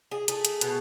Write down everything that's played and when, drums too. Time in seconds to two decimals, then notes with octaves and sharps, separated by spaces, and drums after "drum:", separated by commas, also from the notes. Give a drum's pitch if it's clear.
0.11 G#4
0.28 A3 G#4, drum: hi-hat
0.45 drum: hi-hat
0.61 B2, drum: hi-hat